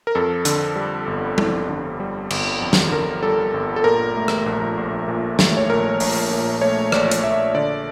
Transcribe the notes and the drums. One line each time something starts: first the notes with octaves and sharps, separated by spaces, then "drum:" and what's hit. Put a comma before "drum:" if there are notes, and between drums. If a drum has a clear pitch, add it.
A#4
F2 A4
D3, drum: hi-hat
G3
G1
F2, drum: tom G3
D3
G3
G1, drum: cymbal
F2
drum: snare
D3 A#4
G3 A4
G1
A4
A#2 A#4
A3
drum: rim click
A#1
A#1
A#2
A3, drum: snare
C#5
A#1 A#4
A#1, drum: open hi-hat
A#2
A3 C#5
A#1 D5, drum: rim click
drum: hi-hat
A#1 E5
D3 D5